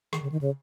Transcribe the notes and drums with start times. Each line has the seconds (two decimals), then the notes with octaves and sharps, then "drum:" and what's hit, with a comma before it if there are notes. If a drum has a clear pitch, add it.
0.13 D#3, drum: rim click
0.22 C#3
0.32 D#3
0.41 C#3